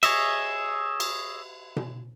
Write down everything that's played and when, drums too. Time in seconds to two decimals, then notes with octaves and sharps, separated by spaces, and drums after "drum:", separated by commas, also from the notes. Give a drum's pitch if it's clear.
0.03 G#4 C#5 D#5 E5, drum: cymbal
1.00 drum: cymbal
1.76 drum: tom B2